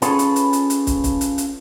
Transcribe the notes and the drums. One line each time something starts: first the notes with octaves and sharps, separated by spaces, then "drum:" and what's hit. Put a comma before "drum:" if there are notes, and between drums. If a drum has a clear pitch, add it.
C#4 F4 G#4 A4 B4, drum: hi-hat
drum: hi-hat
drum: hi-hat
drum: hi-hat
drum: hi-hat
drum: kick, hi-hat
drum: kick, hi-hat
drum: hi-hat
drum: hi-hat